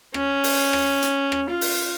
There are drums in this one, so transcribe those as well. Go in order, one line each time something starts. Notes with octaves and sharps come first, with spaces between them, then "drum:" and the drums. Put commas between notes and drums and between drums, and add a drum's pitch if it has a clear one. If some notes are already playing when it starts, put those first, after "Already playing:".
C#4, drum: rim click
drum: open hi-hat
drum: rim click
drum: hi-hat
drum: rim click
F4
drum: open hi-hat